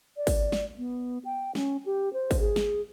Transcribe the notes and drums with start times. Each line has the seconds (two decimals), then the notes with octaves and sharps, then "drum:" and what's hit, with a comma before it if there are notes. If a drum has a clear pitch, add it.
0.17 D5
0.27 drum: kick, open hi-hat
0.52 drum: snare
0.78 B3
1.25 G5
1.55 C#4, drum: snare
1.86 G4
2.13 C5
2.31 drum: kick, open hi-hat
2.40 G#4
2.56 drum: snare